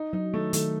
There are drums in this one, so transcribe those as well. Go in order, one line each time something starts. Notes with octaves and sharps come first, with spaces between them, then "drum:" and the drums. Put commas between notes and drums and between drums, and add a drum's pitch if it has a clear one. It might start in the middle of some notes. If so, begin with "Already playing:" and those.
Already playing: D#4
F#3 D#4
D#3 A3
D#3 A3, drum: hi-hat